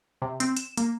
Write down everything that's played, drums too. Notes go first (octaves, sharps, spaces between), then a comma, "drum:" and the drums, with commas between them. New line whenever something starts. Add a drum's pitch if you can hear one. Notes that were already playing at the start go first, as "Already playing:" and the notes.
C3
C4, drum: hi-hat
E7, drum: hi-hat
A#3, drum: hi-hat